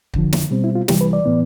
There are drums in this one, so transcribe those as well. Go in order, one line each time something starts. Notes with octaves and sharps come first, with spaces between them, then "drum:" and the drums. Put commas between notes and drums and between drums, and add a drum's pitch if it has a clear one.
F2 D3 F3, drum: kick
drum: snare
B2 G3 C4
E4
F4
C2 C3 E3 G3 G4, drum: snare
B4
D5
A2 E3 B3